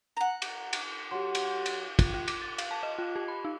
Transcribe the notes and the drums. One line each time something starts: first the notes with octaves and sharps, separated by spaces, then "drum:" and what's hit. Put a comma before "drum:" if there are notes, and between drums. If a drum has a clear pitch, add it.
F#5 A#5
drum: cymbal
drum: cymbal
F#3 G4 C6
drum: cymbal
drum: cymbal
F4, drum: kick, cymbal
F4
D6, drum: cymbal
A6
F5, drum: cymbal
A5
D#5
F4
G4
B5
D#4